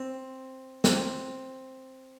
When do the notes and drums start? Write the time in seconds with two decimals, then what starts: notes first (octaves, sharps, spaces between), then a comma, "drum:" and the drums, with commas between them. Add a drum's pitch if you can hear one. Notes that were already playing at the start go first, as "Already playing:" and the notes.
Already playing: C4
0.84 C4, drum: snare